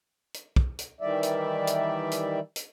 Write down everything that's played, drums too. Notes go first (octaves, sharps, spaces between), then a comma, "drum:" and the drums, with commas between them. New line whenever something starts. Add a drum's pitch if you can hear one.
drum: hi-hat
drum: kick
drum: hi-hat
D#3 E3 G3 D5 E5
drum: hi-hat
drum: hi-hat
drum: hi-hat
drum: hi-hat